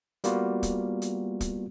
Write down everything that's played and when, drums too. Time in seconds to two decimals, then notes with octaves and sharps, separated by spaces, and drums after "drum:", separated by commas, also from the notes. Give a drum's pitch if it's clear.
0.24 G3 A#3 B3 F4 F#4, drum: hi-hat
0.63 drum: kick, hi-hat
1.02 drum: hi-hat
1.41 drum: kick, hi-hat